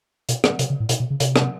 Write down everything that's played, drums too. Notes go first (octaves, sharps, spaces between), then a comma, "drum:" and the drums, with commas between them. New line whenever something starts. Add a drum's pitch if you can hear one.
B2, drum: hi-hat
drum: rim click
C3, drum: hi-hat
C#3
A2
B2, drum: hi-hat
B2
C#3
C3, drum: hi-hat
drum: rim click